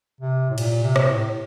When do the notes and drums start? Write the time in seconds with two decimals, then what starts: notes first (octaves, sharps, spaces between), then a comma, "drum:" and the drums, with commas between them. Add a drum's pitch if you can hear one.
0.21 C3
0.50 A2
0.58 A#2, drum: cymbal
0.83 C3
0.96 drum: rim click
1.09 A2